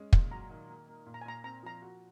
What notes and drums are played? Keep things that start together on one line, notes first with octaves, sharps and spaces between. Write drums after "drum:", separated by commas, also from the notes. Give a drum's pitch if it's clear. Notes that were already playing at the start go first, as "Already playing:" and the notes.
Already playing: G#3 C#4
A#2, drum: kick
F#3 A#5
D#3
A#3
A#3
A#2
A#5
G#5
A#2 A#5
C4 A#5
F3 A#5
F#4